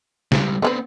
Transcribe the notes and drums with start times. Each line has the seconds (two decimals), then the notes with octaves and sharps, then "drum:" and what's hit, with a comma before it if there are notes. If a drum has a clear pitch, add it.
0.32 C#2 G3, drum: snare
0.62 D3 B3 C4 E4 B4